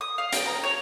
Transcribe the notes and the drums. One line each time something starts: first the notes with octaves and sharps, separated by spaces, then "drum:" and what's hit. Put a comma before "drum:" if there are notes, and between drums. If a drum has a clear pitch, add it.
D#6
F5
G5, drum: hi-hat
A#5
C#5